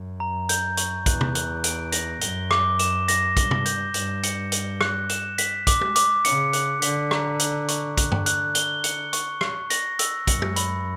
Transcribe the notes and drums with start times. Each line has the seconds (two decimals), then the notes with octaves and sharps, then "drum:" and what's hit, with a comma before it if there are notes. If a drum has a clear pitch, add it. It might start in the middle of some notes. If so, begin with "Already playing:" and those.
Already playing: F#2
0.20 A#5
0.49 G6, drum: hi-hat
0.77 C#6, drum: hi-hat
1.06 E2 F#6, drum: kick, hi-hat
1.21 drum: tom
1.35 F#6, drum: hi-hat
1.64 D7, drum: hi-hat
1.92 A#6, drum: hi-hat
2.21 F#2 G7, drum: hi-hat
2.51 D6, drum: rim click
2.79 E7, drum: hi-hat
3.08 A#6, drum: hi-hat
3.37 G2 G7, drum: kick, hi-hat
3.51 drum: tom
3.66 G6, drum: hi-hat
3.94 G2 E7, drum: hi-hat
4.23 C#7, drum: hi-hat
4.52 G7, drum: hi-hat
4.81 F#6, drum: rim click
5.09 E7, drum: hi-hat
5.38 B6, drum: hi-hat
5.67 D6, drum: kick, hi-hat
5.81 drum: tom
5.96 D6, drum: hi-hat
6.25 C#3 C#7, drum: hi-hat
6.53 F#6, drum: hi-hat
6.82 D3 B6, drum: hi-hat
7.11 A#5, drum: rim click
7.40 F#6, drum: hi-hat
7.68 C#6, drum: hi-hat
7.97 D3 F#6, drum: kick, hi-hat
8.12 drum: tom G2
8.26 F#6, drum: hi-hat
8.55 G7, drum: hi-hat
8.84 C#7, drum: hi-hat
9.13 C#6, drum: hi-hat
9.41 C#6, drum: rim click
9.70 A#6, drum: hi-hat
9.99 E6, drum: hi-hat
10.27 F#2 C#7, drum: kick, hi-hat
10.42 drum: tom
10.56 B5, drum: hi-hat